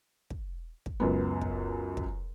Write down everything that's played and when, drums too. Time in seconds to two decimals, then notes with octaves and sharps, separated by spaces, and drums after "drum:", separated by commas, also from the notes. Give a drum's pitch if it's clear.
0.30 drum: kick
0.86 drum: kick
1.00 C#2 F#2 B3
1.41 drum: kick
1.97 drum: kick